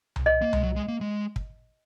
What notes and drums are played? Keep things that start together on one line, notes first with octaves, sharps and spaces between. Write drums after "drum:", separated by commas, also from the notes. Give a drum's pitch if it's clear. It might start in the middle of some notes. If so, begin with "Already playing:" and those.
drum: tom C2
D#5
A#3
G#3, drum: tom C2
F#3
G#3
A#3
G#3
drum: kick